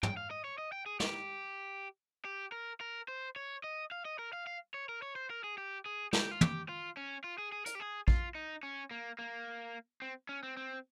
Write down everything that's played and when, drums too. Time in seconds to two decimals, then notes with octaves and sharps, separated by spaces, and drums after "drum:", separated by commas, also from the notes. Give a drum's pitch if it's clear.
0.03 G5, drum: tom
0.17 F5
0.31 D#5
0.44 C#5
0.58 D#5
0.72 G5
0.86 G#4
1.00 G4, drum: snare
2.25 G4
2.52 A#4
2.81 A#4
3.08 C5
3.36 C#5
3.64 D#5
3.92 F5
4.05 D#5
4.19 A#4
4.33 F5
4.47 F5
4.74 C#5
4.89 A#4
5.02 C#5
5.16 C5
5.30 A#4
5.44 G#4
5.58 G4
5.86 G#4
6.13 G4, drum: snare
6.31 F4
6.41 G4, drum: tom
6.69 F4
6.97 C#4
7.24 F4
7.38 G#4
7.52 G#4
7.66 A#4, drum: hi-hat
7.75 G4
7.80 G#4
8.08 F4, drum: kick A#1
8.35 D#4
8.63 C#4
8.91 A#3
9.19 A#3
10.02 C4
10.29 C#4
10.43 C4
10.57 C4